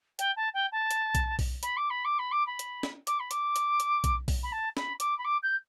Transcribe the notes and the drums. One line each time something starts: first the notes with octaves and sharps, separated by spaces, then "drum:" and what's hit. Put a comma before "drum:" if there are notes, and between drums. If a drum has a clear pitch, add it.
G5, drum: hi-hat
A5
G5
A5
drum: hi-hat
drum: kick B1, hi-hat
drum: kick B1, open hi-hat
B5, drum: hi-hat
D6
B5
D6
B5
D6
B5
drum: hi-hat
drum: snare
D6, drum: hi-hat
B5
D6, drum: hi-hat
drum: hi-hat
drum: hi-hat
drum: kick B1, hi-hat
drum: kick B1, open hi-hat
B5
A5
B5, drum: snare
D6, drum: hi-hat
B5
D6
G6